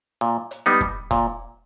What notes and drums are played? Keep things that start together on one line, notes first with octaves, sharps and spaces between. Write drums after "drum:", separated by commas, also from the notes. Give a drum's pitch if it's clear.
A#2
drum: hi-hat
G3 B3 D#4
drum: kick
A#2, drum: kick, hi-hat